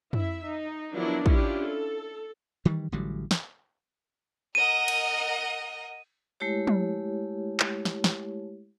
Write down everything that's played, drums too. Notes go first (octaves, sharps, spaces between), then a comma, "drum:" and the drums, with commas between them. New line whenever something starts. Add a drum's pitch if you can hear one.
E4 E5, drum: tom
D#4
D#3 F3 F#3 B3 D4 E4
C#4 D4 E4 F4 G4, drum: kick
A4
D#3 E3 G3
A1 D3 F#3 G3
drum: snare
A#4 D#5 F#5 D#7
drum: cymbal
G#3 A3 E4 G4 C#5
drum: tom
drum: clap
drum: snare
drum: snare